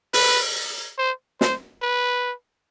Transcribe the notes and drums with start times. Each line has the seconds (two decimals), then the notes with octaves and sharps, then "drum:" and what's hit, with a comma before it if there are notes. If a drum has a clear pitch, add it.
0.14 B4, drum: open hi-hat
0.98 C5
1.41 C5, drum: snare
1.82 B4